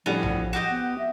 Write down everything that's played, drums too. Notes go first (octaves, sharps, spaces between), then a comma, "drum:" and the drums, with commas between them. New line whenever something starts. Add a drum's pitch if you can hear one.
A2 F3 G3 B3 C#4 D4 F#4
drum: tom A#1
F#4 G4 D#5 F#5 G6
B3
E5